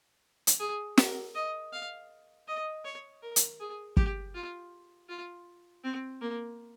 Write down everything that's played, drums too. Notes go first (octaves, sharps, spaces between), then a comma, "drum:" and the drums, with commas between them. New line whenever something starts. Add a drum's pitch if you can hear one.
drum: hi-hat
G#4
A#4, drum: snare
D#5
F5
D#5
C#5
A#4
drum: hi-hat
G#4
G4, drum: kick
F4
F4
C4
A#3